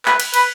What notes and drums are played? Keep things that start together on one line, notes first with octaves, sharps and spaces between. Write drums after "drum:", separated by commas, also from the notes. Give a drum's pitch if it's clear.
B4, drum: clap
drum: cymbal
B4, drum: cymbal